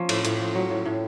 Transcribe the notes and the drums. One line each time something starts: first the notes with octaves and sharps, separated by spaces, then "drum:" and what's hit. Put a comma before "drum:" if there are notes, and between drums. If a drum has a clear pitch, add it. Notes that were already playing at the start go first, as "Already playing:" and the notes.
Already playing: F3 A#3 C#4
A2, drum: cymbal
A2, drum: hi-hat
F3
F#3
A2
A2